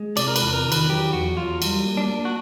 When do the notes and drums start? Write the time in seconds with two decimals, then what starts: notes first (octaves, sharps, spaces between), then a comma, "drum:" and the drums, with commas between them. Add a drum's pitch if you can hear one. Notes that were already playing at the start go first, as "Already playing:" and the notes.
Already playing: G#3
0.17 C3 D5, drum: cymbal
0.27 A#4
0.36 B4, drum: cymbal
0.41 E2
0.53 A#4
0.66 D#3
0.72 B4, drum: cymbal
0.89 F#3 G4
1.13 E2 F#4
1.37 F#3 F4
1.62 G3, drum: cymbal
1.86 A#3
1.97 D4
2.10 A#3
2.25 F#4